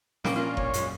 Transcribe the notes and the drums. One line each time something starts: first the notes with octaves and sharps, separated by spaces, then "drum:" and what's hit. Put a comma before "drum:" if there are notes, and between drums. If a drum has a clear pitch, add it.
A#2 A#3 C4 C#4, drum: snare
C#4 D4 F4 A#4
C#5, drum: kick F#1
F#2 F3 G#3, drum: hi-hat